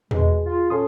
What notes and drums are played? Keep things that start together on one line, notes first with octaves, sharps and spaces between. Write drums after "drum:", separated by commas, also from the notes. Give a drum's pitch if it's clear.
B2 G#3 G#4, drum: tom E2
F4
C#4 A4 C6 D#6